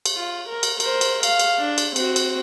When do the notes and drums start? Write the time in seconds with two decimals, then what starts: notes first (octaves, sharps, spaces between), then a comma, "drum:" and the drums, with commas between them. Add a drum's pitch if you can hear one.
0.06 drum: cymbal
0.16 F4
0.49 A#4
0.63 drum: cymbal
0.80 A#4 C5, drum: cymbal
1.01 drum: cymbal
1.23 F5, drum: cymbal
1.39 drum: cymbal
1.59 D4
1.78 drum: cymbal
1.96 C4 F#4, drum: cymbal
2.16 drum: cymbal